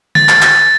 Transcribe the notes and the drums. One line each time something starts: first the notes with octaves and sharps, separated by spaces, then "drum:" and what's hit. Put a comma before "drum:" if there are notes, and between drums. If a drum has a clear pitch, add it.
A6, drum: tom D3
drum: clap
drum: clap